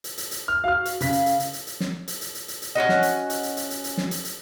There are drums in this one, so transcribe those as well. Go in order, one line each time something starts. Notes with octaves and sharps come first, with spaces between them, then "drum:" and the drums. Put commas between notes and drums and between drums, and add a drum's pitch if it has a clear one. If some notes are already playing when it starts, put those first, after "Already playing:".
drum: hi-hat
drum: hi-hat
drum: hi-hat
F6
F#4 F5 F6
drum: hi-hat
C#3 F5 B6, drum: hi-hat
drum: hi-hat
drum: hi-hat
drum: hi-hat
drum: hi-hat
drum: hi-hat
drum: snare
drum: hi-hat
drum: hi-hat
drum: hi-hat
drum: hi-hat
drum: hi-hat
C#4 F4 F#4 D#5
drum: snare
drum: hi-hat
drum: hi-hat
drum: hi-hat
drum: hi-hat
drum: hi-hat
drum: hi-hat
drum: snare
drum: hi-hat
drum: hi-hat